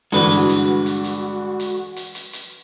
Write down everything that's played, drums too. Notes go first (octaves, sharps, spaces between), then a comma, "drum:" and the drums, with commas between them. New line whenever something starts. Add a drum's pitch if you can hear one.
G2 D3 E3 G#3 F#4 B4, drum: hi-hat
drum: hi-hat
drum: hi-hat
drum: hi-hat
drum: hi-hat
drum: hi-hat
drum: hi-hat
drum: hi-hat
drum: hi-hat